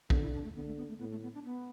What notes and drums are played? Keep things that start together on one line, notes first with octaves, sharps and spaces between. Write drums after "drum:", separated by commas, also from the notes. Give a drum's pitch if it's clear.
D3 B3, drum: kick
E4
D4
A3
D3 B3
A3
B3
A3
A2 B3
A3
B3
D4
B3